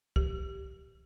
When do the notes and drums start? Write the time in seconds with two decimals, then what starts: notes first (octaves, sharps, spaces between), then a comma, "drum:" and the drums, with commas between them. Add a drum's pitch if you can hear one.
0.16 G4, drum: kick